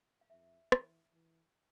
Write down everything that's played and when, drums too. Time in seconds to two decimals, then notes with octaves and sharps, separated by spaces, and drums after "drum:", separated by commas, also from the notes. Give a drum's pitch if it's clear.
0.21 F5
0.30 F2 E5
0.72 E3, drum: rim click
1.13 E3